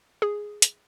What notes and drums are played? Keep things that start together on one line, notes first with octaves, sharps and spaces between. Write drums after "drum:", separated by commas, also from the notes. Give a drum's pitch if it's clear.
G#4
drum: hi-hat